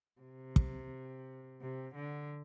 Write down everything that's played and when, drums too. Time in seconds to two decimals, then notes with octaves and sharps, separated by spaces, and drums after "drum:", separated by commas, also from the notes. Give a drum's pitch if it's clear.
0.21 C3
0.56 drum: kick
1.61 C3
1.95 D3